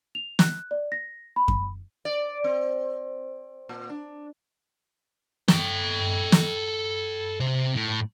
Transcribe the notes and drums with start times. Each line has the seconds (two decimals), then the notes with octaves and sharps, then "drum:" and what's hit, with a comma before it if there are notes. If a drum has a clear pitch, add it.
0.15 F7
0.39 F#6, drum: snare
0.71 D5
0.92 A#6
1.36 B5
1.48 drum: kick F#2
2.05 D5
2.44 C4
3.69 A#2
3.89 D4
5.48 A4 G5, drum: snare
6.32 drum: snare
7.40 C3 C4
7.75 A2